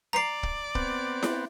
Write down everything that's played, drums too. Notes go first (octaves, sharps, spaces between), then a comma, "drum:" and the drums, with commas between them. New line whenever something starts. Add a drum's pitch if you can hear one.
D5 A#5 C7
drum: kick
B3 C4, drum: kick
drum: snare E4